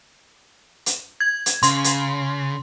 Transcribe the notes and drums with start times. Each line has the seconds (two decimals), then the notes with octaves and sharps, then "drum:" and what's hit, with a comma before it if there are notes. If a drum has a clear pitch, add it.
0.86 drum: hi-hat
1.20 G#6
1.46 drum: hi-hat
1.63 C#3 C6, drum: hi-hat
1.84 drum: hi-hat